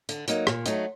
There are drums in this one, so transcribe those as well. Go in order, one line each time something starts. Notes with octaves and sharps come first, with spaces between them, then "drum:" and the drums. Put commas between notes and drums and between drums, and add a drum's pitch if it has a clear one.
D3, drum: hi-hat
F#3 A#3 D#4, drum: hi-hat
A#2, drum: rim click
F#3 A3 D#4, drum: hi-hat